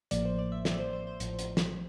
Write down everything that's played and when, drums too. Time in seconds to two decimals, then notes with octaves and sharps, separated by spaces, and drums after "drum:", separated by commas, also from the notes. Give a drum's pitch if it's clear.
0.11 A1 A2 F3 A#3 D5, drum: hi-hat
0.25 C5
0.39 D5
0.52 E5
0.65 D5, drum: snare
0.79 C5
0.93 C5
1.07 C5
1.20 A1 A2 F3, drum: hi-hat
1.39 drum: hi-hat
1.57 drum: snare